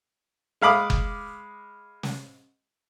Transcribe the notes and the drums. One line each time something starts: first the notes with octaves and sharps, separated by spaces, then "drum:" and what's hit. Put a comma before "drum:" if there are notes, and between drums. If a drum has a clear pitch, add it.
G#3 F5 B5 D6 D#6
drum: kick F#1
drum: snare